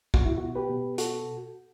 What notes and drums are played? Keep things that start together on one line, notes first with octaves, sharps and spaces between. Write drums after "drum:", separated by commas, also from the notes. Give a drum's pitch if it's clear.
B2 F#4, drum: kick
E4
B2 F#4
G4 B4
B2
F#4 A4, drum: hi-hat